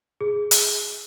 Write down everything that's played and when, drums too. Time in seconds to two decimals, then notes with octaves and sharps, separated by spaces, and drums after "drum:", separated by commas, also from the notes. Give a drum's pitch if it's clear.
0.21 G#4
0.51 drum: hi-hat